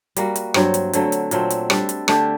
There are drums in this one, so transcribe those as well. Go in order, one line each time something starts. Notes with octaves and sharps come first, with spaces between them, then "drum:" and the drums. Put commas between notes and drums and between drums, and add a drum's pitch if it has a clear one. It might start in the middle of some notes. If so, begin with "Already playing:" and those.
G3 A#3 F#4, drum: hi-hat
drum: hi-hat
G2 F#3 C4, drum: rim click
drum: hi-hat
D3 F#3 A3, drum: hi-hat
drum: hi-hat
A#2 F#3 A3 C4, drum: hi-hat
drum: hi-hat
G3 D4 A4, drum: rim click
drum: hi-hat
D3 A3 D4 G4, drum: rim click